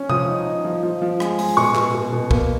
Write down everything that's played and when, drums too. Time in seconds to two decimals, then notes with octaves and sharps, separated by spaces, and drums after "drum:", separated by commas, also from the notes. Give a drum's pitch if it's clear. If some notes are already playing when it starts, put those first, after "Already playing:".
Already playing: C#4
0.10 F3 D#6, drum: tom C3
0.28 D#4
0.46 D#4
0.65 F3
0.83 F3
1.02 F3
1.20 G#3, drum: rim click
1.39 G#3, drum: open hi-hat
1.57 B2 C#6
1.75 B2, drum: clap
1.94 B2
2.12 B2
2.31 A#3, drum: kick